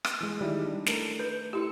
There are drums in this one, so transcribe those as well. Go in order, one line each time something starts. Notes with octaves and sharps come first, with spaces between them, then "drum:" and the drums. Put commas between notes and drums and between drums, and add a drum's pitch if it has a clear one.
drum: rim click
E3 G#3
D#3 G3 D#4 E4
D4
A3 A4 A#4, drum: snare
B4
E4 G4 E6 C#7